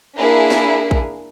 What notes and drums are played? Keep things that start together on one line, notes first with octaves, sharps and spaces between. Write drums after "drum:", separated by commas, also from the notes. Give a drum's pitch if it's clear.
A#3 D4 E4 G#4 A#4
drum: snare
drum: kick A#1